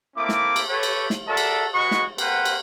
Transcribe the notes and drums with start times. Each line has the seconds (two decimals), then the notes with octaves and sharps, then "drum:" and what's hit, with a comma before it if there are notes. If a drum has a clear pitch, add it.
0.17 A3 A#3 C4 E4 D6
0.29 drum: snare
0.56 drum: cymbal
0.69 G4 A4 B4 C#5
0.83 drum: cymbal
1.10 drum: snare
1.28 F#4 A4 A#4 D5 E5 A5
1.37 drum: cymbal
1.73 G#3 F#4 B4 D#5 B5 C#6
1.91 drum: snare
2.18 A#3 C4 B4 C5 F#5, drum: cymbal
2.45 drum: cymbal